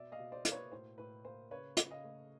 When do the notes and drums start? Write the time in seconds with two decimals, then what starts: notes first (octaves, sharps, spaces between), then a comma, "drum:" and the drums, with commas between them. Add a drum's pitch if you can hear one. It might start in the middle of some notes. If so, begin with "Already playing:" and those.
Already playing: B2 D5 E5
0.12 D#5 F5
0.19 B2
0.32 C5 D5
0.45 A#3, drum: hi-hat
0.52 B4 C#5
0.72 A2 C5
0.98 A2 B4
1.24 A#3 C5
1.51 C#3 B4 C#5
1.77 C#3, drum: hi-hat
1.91 D#5 F5
2.04 A3